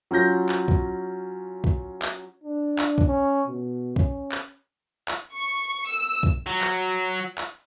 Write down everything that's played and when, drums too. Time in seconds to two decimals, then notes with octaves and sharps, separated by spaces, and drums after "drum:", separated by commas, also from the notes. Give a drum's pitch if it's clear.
0.11 F#3 C#4 F4 G6 A#6
0.49 drum: clap
0.68 drum: kick
1.64 drum: kick
2.02 drum: clap
2.44 D4
2.79 drum: clap
2.98 drum: kick
3.07 C#4
3.48 B2
3.96 C#4, drum: kick
4.32 drum: clap
5.08 drum: clap
5.34 C#6
5.87 E6
6.23 drum: kick
6.46 F#3
6.61 drum: clap
7.38 drum: clap